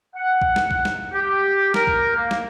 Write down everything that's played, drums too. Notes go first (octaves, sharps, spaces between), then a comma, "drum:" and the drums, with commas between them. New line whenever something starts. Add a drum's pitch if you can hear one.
F#5
drum: kick B1
drum: snare
drum: kick B1
drum: snare
G4
A#4, drum: snare
drum: kick B1
A#3
drum: snare